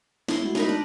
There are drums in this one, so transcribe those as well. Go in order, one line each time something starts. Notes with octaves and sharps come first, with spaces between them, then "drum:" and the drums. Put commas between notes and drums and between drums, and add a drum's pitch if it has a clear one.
E4 C6, drum: snare
G#3 A3 F#4
D#4 A#4 B4, drum: snare
D4